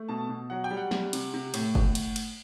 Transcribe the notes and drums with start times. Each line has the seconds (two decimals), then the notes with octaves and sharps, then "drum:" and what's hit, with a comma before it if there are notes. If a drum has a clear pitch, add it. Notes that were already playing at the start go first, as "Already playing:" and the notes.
Already playing: A3
0.09 B2 A5
0.29 B2
0.50 F#3 F#5
0.64 G5
0.71 G3
0.77 F#5
0.91 G3, drum: snare
1.13 C3, drum: cymbal
1.34 C3
1.54 A2, drum: cymbal
1.75 A2, drum: kick F#1
1.95 drum: cymbal
2.16 drum: cymbal